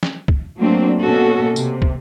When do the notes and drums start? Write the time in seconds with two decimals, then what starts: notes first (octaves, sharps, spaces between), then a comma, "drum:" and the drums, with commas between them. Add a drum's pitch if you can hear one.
0.03 drum: snare
0.28 drum: kick
0.58 F#3 A3 A#3 C4 D4
1.02 B2 A#3 C#4 F#4 A4
1.56 C3, drum: tambourine
1.82 drum: kick